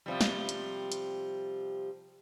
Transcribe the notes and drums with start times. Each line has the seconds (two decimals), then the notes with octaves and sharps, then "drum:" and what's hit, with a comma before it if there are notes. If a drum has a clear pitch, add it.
0.06 C3 F3 G3
0.21 drum: snare
0.49 drum: hi-hat
0.92 drum: hi-hat